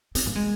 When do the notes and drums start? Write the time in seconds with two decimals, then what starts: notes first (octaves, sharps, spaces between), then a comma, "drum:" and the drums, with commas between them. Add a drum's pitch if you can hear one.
0.15 C4, drum: hi-hat
0.26 A#3
0.36 G#3